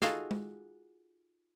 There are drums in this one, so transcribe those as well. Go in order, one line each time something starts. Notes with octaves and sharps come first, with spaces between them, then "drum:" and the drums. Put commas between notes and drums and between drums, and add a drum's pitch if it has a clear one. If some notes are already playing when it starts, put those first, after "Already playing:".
D#4 F4 F#4 G#4 A4 F5, drum: snare
drum: tom G#3